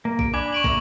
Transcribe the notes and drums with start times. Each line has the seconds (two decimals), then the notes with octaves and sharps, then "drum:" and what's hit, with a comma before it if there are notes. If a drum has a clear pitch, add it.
0.05 A#3
0.19 D7, drum: kick
0.34 D4 G#5 B5 D6
0.53 C#6 D7 F#7
0.64 A#3 E5, drum: kick